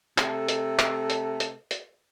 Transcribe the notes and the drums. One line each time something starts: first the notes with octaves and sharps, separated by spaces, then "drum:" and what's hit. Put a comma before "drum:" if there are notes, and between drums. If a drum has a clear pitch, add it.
C3 A3 A4, drum: clap
drum: hi-hat
drum: clap
drum: hi-hat
drum: hi-hat
drum: hi-hat